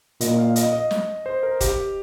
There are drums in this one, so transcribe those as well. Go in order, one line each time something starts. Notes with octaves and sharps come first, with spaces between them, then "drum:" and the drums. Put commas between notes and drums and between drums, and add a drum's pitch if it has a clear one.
A#2 D#5, drum: hi-hat
F5
D#5, drum: hi-hat
D#5
drum: snare
C5
A#4
G4, drum: kick D#1, hi-hat